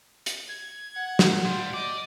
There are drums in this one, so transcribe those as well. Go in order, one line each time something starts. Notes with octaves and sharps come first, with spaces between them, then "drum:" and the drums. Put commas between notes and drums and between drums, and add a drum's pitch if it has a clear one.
drum: hi-hat
G#6
F#5
drum: snare
A#2 G3 C6
D5 D#5 D6